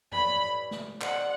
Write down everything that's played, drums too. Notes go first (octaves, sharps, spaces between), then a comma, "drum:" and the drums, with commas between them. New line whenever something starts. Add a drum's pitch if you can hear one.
A2 E3 G3 B5, drum: tom F2
drum: snare
D#3 G3 C4 F#5, drum: clap